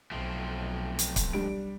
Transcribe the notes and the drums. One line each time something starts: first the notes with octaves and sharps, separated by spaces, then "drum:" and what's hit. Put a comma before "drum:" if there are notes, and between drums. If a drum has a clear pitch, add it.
B1 F3 A3 C4
drum: hi-hat
drum: kick C#1, hi-hat
G3 D4 D7